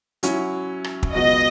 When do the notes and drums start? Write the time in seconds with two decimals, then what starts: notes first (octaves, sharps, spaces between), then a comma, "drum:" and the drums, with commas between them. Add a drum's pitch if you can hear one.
0.23 F#3 C#4 E4, drum: hi-hat
0.84 drum: rim click
1.03 drum: kick
1.14 C#2 B2 F#3 B3 F#4 D#5